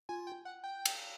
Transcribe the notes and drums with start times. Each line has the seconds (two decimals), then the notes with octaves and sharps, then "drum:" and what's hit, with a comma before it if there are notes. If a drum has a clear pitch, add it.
0.09 F4 G#5
0.27 G5
0.45 F#5
0.64 G5
0.85 drum: cymbal